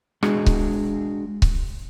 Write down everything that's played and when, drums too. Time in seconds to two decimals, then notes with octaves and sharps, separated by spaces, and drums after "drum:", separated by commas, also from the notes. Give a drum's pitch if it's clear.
0.23 G#3 D4 F#4 G#4, drum: rim click
0.46 drum: kick C#1
1.42 drum: kick C#1